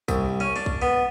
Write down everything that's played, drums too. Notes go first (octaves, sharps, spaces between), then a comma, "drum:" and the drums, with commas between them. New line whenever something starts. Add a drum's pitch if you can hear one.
C2, drum: kick A#1, tambourine
C#4
D4
drum: kick A#1
B3